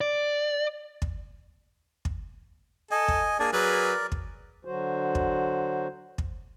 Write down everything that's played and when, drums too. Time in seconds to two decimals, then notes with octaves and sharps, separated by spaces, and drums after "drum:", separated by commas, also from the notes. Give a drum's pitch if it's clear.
0.01 D5
1.02 drum: kick
2.05 drum: kick
2.91 A4 D#5 G#5
3.08 drum: kick
3.39 A#3 D4 G#4 D5 G#5
3.53 F#3 G#4 A#4 B4 D5
4.12 drum: kick
4.65 D3 F#3 F#4 C5
5.15 drum: kick
6.18 drum: kick